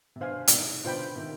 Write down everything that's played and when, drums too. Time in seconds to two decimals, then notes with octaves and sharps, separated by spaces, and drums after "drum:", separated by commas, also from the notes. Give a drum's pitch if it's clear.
0.16 C3
0.20 G2 B2 C5 F5 G#5
0.48 B2, drum: hi-hat
0.53 G#2 C3
0.84 B2 D3 F4 C5 G5 B5
1.16 C3 D#3